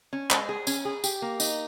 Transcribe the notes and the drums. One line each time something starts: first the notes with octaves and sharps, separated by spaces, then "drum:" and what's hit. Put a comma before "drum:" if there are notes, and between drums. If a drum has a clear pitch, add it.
C#4
G#3, drum: clap
G#4
C#4, drum: tambourine
G#4
G4, drum: tambourine
A#3
D#4, drum: tambourine